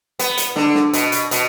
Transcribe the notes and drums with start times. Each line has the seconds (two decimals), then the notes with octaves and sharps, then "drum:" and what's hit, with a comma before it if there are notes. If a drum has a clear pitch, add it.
0.19 B3, drum: hi-hat
0.37 drum: hi-hat
0.56 D3, drum: snare
0.75 drum: snare
0.93 B2, drum: hi-hat
1.12 drum: hi-hat
1.31 B2, drum: hi-hat